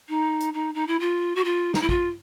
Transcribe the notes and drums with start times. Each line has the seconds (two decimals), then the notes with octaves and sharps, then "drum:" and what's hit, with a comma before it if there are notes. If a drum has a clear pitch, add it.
0.09 D#4
0.40 drum: hi-hat
0.54 D#4
0.74 D#4
0.87 E4
1.00 F4
1.35 F#4
1.44 F4
1.74 D#4, drum: snare
1.81 E4
1.89 F4, drum: kick